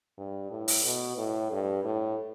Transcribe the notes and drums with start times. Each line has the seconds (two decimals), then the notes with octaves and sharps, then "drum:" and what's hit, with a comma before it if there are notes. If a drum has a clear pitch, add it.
0.17 G2
0.51 A2
0.68 drum: open hi-hat
0.84 B2
1.17 A2
1.51 G2
1.84 A2